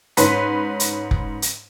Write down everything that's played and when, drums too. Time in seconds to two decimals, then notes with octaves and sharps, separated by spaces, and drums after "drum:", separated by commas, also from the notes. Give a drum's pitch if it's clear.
0.17 G#2 C#4 B4 C6 B6, drum: hi-hat
0.80 drum: hi-hat
1.11 drum: kick F1
1.42 drum: hi-hat